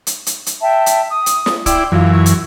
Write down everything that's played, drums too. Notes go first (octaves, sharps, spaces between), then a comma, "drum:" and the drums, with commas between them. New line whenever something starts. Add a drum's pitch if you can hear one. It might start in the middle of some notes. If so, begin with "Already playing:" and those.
drum: hi-hat
drum: hi-hat
drum: hi-hat
E5 G5 A5
drum: hi-hat
D#6
drum: hi-hat
drum: snare
E4 D5 G5 C6, drum: kick, hi-hat
F#2 E3 F4
C#6
drum: hi-hat